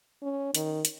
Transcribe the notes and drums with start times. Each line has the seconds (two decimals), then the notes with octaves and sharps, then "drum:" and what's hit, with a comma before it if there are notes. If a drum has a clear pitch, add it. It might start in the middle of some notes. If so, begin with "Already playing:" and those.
0.22 C#4
0.55 D#3, drum: hi-hat
0.85 drum: hi-hat